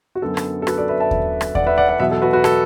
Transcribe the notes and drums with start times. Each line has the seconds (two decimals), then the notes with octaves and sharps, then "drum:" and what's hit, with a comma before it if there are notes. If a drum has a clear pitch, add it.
0.15 F#4
0.22 F#2 D3 B3 A4
0.37 drum: rim click
0.62 A4
0.67 F#4 B4, drum: rim click
0.78 A4 D5
0.89 B4 E5
1.00 E5 A5
1.11 drum: kick D#2
1.41 drum: rim click
1.55 D5 F#5, drum: kick D#2
1.67 B4 E5
1.78 D5 F#5
1.89 D5 F#5
2.00 E2 B2 F#3 B3 B4 E5
2.11 A4
2.22 F#4 B4
2.33 F#4 B4
2.44 A4, drum: rim click